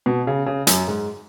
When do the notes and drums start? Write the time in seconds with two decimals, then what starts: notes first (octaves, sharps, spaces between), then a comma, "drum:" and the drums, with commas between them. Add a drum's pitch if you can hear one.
0.06 B2
0.27 C#3
0.46 C#3
0.67 F#2, drum: hi-hat
0.88 G#2